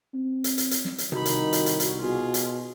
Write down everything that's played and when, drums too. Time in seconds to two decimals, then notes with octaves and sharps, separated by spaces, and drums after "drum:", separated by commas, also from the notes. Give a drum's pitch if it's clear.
0.14 C4
0.44 drum: hi-hat
0.58 drum: hi-hat
0.71 drum: hi-hat
0.85 drum: snare
0.98 drum: hi-hat
1.12 C2 D#3 D#4 F#4 B5, drum: tom C3
1.25 drum: hi-hat
1.53 drum: hi-hat
1.66 drum: hi-hat
1.80 drum: hi-hat
1.99 B2 F4 G#4
2.34 drum: hi-hat